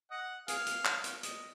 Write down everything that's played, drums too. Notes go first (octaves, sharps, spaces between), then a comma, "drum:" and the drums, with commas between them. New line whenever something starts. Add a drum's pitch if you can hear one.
D#5 F#5
G#4 F5, drum: hi-hat
drum: hi-hat
drum: clap
drum: hi-hat
D#5, drum: hi-hat